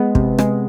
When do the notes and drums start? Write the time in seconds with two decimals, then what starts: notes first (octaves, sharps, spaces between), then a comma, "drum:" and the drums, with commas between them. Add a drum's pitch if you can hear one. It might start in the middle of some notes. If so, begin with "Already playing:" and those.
Already playing: G#3 B3
0.15 C3, drum: kick
0.39 G#3, drum: rim click